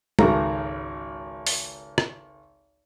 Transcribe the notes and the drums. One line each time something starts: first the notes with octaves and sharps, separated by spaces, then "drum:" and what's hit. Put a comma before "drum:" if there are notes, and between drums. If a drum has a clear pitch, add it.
G#1 C#2 F#4 A4 A#5, drum: tom
drum: open hi-hat
drum: rim click